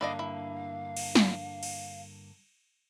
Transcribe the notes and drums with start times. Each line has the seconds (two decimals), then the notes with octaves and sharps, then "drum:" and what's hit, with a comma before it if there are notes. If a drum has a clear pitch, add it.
0.01 G2 D3 A#3 E4 D5 D#5 F5
0.19 E4
0.97 drum: cymbal
1.15 drum: snare
1.63 drum: cymbal